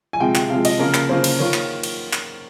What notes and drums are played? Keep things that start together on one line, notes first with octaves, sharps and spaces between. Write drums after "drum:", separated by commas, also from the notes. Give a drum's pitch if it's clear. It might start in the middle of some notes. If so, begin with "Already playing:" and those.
G#5
C3 F3 G#3 G5
G5, drum: clap
C3 F3 G#3 F5
D#5, drum: cymbal
C#3 F3 A#3 F4 A#4
A#4, drum: clap
C#3 F3 A#3 F4 C5
drum: cymbal
D#3 A#3 F4 C#5
drum: clap
drum: cymbal
drum: clap